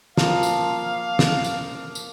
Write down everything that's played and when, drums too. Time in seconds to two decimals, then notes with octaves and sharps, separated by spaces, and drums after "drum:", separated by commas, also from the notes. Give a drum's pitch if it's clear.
0.17 F3 A#3 F5, drum: snare
0.43 drum: tambourine
1.19 drum: snare
1.44 drum: tambourine
1.95 drum: tambourine